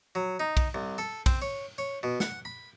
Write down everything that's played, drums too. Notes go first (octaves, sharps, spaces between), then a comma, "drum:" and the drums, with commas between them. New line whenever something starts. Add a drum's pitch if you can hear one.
F#3
D#4
drum: kick B1, cymbal
C2
A4
C4, drum: kick B1, cymbal
C#5
C#5
B2
F#5, drum: snare
B5